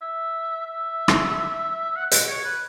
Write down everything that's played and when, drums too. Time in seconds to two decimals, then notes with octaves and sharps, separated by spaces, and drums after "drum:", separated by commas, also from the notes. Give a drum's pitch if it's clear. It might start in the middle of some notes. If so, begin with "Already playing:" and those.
0.02 E5
0.66 E5
1.08 drum: rim click
1.96 F#5
2.11 F#5, drum: hi-hat
2.28 C#5
2.44 B4